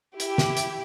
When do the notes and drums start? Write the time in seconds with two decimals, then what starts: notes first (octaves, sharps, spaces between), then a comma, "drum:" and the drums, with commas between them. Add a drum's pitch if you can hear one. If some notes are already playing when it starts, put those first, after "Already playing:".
0.20 E4 G4, drum: hi-hat
0.38 drum: snare
0.57 drum: hi-hat